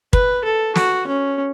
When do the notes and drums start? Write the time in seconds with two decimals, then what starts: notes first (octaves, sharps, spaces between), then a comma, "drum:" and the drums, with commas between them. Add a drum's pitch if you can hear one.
0.13 B4, drum: kick
0.44 A4
0.76 F#4, drum: snare
1.07 C#4